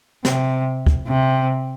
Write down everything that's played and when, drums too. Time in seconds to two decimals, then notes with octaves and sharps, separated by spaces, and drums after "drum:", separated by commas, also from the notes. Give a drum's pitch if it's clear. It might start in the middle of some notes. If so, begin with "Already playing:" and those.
0.25 C3, drum: snare
0.87 drum: kick
1.07 C3